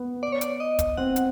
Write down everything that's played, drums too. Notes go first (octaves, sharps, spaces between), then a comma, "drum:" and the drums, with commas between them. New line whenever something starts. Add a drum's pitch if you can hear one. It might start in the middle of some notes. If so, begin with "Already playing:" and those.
Already playing: B3
D5
C#5
D5, drum: hi-hat
D#5
drum: kick, hi-hat
C4 F#5
drum: hi-hat